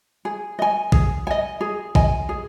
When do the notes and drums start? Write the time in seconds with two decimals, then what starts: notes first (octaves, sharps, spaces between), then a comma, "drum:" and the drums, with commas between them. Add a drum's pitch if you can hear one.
0.25 G#4
0.59 D#5 G#5
0.92 G#4, drum: kick A#1
1.27 D#5 G#5
1.61 G#4
1.95 D#5 G#5, drum: kick A#1
2.29 G#4